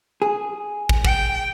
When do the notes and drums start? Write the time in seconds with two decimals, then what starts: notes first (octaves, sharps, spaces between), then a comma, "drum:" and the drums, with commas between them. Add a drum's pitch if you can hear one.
0.22 G#4
0.89 drum: kick
1.05 G5, drum: kick